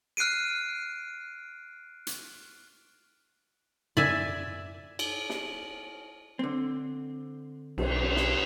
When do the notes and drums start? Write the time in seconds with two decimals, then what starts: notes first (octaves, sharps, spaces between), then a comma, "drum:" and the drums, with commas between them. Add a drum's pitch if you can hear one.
0.17 F6 F#6 C7 D7 D#7
2.07 drum: hi-hat
3.97 D5 E5 G#5, drum: tom F#2
4.99 drum: cymbal
5.30 drum: snare
6.39 D3 C4
7.78 B1, drum: cymbal
8.16 drum: snare